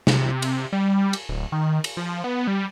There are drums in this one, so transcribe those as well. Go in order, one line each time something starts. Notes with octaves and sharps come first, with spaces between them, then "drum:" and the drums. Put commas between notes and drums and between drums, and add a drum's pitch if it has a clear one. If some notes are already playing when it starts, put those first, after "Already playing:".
C3, drum: snare
drum: cymbal
G3
drum: cymbal
D1
D#3
drum: cymbal
F3
B3
G3